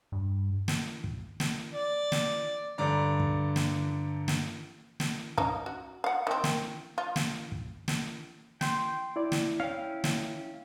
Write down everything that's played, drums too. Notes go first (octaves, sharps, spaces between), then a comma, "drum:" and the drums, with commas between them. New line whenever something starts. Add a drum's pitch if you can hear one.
G2
drum: snare
drum: kick
drum: snare
D5
drum: snare
G2 D3 D5 A#5
drum: kick
drum: snare
drum: snare
drum: snare
C#4 D#4, drum: kick
F#4
F5 F#5
D#3 C4
drum: snare
F4
drum: snare
drum: kick
drum: snare
G5 C6, drum: snare
E4 D5
drum: snare
C#4 E4 F5 G5
drum: snare